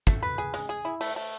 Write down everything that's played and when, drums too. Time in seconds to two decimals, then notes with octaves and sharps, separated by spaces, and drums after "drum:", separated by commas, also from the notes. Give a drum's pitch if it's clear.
0.07 A3, drum: kick, hi-hat
0.23 B4
0.38 G#4
0.54 G#3, drum: hi-hat
0.69 G#4
0.85 E4
1.01 A3, drum: open hi-hat
1.16 A3